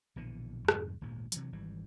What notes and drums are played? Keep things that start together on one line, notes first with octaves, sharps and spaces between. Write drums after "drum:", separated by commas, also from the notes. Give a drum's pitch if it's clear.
A#1 B2 D3 E3
F2 G#2 C3 D#3, drum: rim click
G#1 D2 A#2 G#3
C3 E3 F#3, drum: hi-hat
G#1 E3 G3